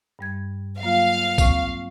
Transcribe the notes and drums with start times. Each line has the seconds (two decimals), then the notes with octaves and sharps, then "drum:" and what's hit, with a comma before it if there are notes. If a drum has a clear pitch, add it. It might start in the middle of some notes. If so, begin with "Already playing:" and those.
0.19 G2 G3 G#6
0.81 F#3 A#3 F4 F5
1.38 C4 C#6, drum: kick A#1, tambourine